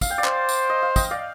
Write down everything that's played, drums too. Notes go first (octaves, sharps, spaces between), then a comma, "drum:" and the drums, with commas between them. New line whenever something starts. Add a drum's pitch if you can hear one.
F5, drum: kick, tambourine
G5
D5 F5
C5, drum: clap
drum: tambourine
D#5
F5
D#5 G5, drum: kick, tambourine
D5 F5